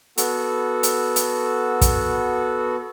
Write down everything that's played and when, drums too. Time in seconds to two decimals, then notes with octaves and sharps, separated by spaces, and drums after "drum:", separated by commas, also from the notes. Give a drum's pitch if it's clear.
0.18 B3 F#4 A4, drum: hi-hat
0.83 drum: hi-hat
1.16 drum: hi-hat
1.81 drum: kick, hi-hat